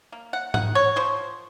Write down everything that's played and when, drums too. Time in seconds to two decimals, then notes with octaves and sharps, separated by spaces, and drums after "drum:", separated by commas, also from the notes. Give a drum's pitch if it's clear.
0.12 A#3
0.33 F#5
0.54 D#3 F#5, drum: tom
0.75 C#5
0.96 F3 C5